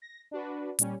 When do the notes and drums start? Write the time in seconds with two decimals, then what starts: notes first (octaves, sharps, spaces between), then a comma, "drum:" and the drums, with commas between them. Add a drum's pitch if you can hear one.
0.02 A#6
0.31 D4 F#4 B4
0.79 A#2 G3 C#4, drum: hi-hat